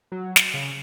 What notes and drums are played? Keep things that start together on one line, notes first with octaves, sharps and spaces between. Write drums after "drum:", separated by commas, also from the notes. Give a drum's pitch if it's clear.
F#3
drum: snare
C#3